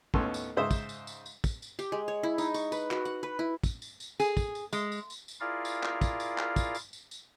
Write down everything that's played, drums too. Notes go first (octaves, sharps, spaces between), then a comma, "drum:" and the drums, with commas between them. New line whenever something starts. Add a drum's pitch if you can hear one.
D#2 A2 B3 C#4 A4 C6, drum: kick
drum: tambourine
G#2 C#3 C5 E5 D#6
drum: kick, tambourine
drum: tambourine
drum: tambourine
drum: tambourine
drum: kick, tambourine
drum: tambourine
G4, drum: tambourine
G#3
C#5
E4
D#4, drum: tambourine
C#6, drum: tambourine
B4, drum: tambourine
F#4, drum: clap
F#5
B4
E4
drum: kick, tambourine
drum: tambourine
drum: tambourine
G#4, drum: tambourine
drum: kick, tambourine
drum: tambourine
G#3, drum: tambourine
drum: tambourine
drum: tambourine
drum: tambourine
E4 F4 G#4 A#4 D5 F5
drum: tambourine
drum: clap
drum: kick, tambourine
drum: tambourine
drum: clap
drum: kick, tambourine
drum: tambourine
drum: tambourine
drum: tambourine